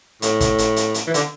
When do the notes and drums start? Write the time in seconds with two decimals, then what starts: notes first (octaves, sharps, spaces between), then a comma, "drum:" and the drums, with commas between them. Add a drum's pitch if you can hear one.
0.22 A2, drum: hi-hat
0.40 drum: kick, hi-hat
0.58 drum: hi-hat
0.76 drum: hi-hat
0.94 drum: hi-hat
1.07 E3
1.14 D3, drum: hi-hat